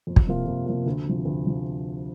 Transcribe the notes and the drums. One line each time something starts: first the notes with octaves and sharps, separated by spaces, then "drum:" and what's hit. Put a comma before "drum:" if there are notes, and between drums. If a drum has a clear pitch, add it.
F2
drum: kick
C3 F3 A#3 F4
F2
C3 F3 A#3 F4
D2
C3 F3
D2
C3 F3